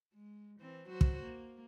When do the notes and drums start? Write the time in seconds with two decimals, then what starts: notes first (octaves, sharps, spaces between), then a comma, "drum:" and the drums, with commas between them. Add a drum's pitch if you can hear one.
0.14 G#3
0.60 E3 C4
0.88 F#3 F#4 C5
1.01 drum: kick
1.22 A#3